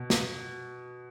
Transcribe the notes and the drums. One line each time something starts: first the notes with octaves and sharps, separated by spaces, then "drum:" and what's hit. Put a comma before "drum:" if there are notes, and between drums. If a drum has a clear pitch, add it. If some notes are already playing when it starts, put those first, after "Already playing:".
Already playing: B2
drum: snare